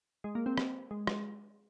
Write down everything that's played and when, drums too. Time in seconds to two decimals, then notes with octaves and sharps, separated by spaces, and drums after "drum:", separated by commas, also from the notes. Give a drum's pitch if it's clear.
0.24 G#3
0.35 A#3
0.46 C4
0.58 drum: rim click
0.91 G#3
1.07 drum: rim click